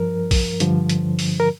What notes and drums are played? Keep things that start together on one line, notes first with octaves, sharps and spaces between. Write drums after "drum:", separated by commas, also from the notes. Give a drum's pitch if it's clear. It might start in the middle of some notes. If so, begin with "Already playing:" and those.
Already playing: G2 F3 A#4
drum: kick A#1, open hi-hat
G2 D3 F3, drum: hi-hat
drum: hi-hat
drum: open hi-hat
A#4